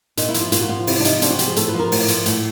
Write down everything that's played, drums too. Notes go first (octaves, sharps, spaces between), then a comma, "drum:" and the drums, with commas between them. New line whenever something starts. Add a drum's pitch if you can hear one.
A#2 D#4, drum: hi-hat
E4
F3, drum: hi-hat
F4
A#2 F4, drum: hi-hat
F#4
F3 F4
C3 E4, drum: open hi-hat
D4
F3 D#4, drum: hi-hat
C3 D4, drum: hi-hat
F#4
F3 G4, drum: hi-hat
G#4
A2 A4, drum: hi-hat
B4
F3
A#4
A2, drum: open hi-hat
F3, drum: hi-hat
A2, drum: hi-hat